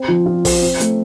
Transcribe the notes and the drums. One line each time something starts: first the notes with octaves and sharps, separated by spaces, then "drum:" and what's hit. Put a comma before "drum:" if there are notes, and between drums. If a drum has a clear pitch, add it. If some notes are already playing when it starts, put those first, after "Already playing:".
Already playing: C4
F3
F4
C5, drum: kick, open hi-hat
C4
A3, drum: hi-hat